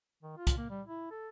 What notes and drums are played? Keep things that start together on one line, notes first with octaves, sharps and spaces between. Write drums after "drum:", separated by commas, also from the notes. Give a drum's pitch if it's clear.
D#3
F4
drum: kick, hi-hat
A#3
G3
E4
A4